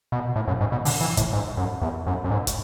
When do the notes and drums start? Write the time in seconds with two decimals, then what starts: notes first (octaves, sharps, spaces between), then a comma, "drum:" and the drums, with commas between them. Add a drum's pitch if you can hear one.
0.12 B2
0.36 A2
0.48 F#2
0.61 G#2
0.72 B2
0.85 D3, drum: open hi-hat
1.01 E3
1.17 A2, drum: kick, hi-hat
1.33 G#2
1.57 F#2
1.82 E2
2.07 F#2
2.24 F#2
2.31 G#2
2.47 drum: kick, hi-hat